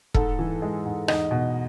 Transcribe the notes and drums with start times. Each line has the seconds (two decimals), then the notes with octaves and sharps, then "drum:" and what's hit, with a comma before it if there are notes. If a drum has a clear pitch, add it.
0.14 G#2 A4, drum: kick E1
0.39 E3
0.62 G#3
0.85 G#2
1.08 E2 D#4, drum: rim click
1.31 B2